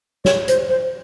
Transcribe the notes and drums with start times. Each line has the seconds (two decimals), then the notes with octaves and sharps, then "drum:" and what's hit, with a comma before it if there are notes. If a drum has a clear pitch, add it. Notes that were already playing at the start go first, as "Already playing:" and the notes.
0.25 C#5, drum: snare
0.48 C5, drum: hi-hat
0.69 C5